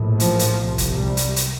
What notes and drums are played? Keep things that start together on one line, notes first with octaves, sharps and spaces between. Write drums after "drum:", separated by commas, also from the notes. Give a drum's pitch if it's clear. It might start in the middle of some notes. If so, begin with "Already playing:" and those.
Already playing: A#1 A2
F3, drum: hi-hat
drum: hi-hat
C2 C3
drum: kick, hi-hat
G3
drum: hi-hat
drum: hi-hat